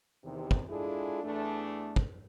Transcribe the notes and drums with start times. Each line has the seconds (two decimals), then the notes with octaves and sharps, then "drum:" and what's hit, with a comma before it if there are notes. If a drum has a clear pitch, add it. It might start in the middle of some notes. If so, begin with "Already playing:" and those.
0.24 E2 C3 D#3
0.51 drum: kick
0.69 G#3 D4 E4 F4 G#4 A4
1.24 E2 A3 D4
1.96 drum: kick